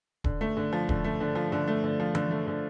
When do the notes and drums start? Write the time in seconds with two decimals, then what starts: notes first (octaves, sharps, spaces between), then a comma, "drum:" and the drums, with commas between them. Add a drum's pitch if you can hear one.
0.24 D3, drum: kick D#1
0.41 A3
0.57 D3
0.73 F3
0.89 D3, drum: kick D#1
1.04 A3
1.20 D3
1.35 F3
1.52 D3
1.68 A3
1.84 D3
2.00 F3
2.15 D3, drum: tom E3
2.31 A3
2.47 D3